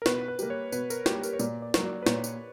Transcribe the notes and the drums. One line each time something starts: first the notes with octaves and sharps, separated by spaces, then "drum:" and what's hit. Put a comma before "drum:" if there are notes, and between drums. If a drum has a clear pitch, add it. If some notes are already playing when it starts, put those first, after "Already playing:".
A#4
B2 B4, drum: snare
B4
G3 A#3, drum: tambourine
C#5
B2 B4, drum: tambourine
A#4, drum: tambourine
G3 A#3 G4, drum: snare
A#4, drum: tambourine
C#5
A#2 D5, drum: tambourine
D5
F#3 A#3, drum: snare
D5
B4
A#2 C#5, drum: snare
drum: tambourine